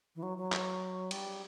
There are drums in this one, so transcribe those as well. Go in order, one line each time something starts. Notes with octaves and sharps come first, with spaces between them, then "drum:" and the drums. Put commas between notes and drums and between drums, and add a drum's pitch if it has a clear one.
E3
F#3
F#3
drum: clap
G3, drum: cymbal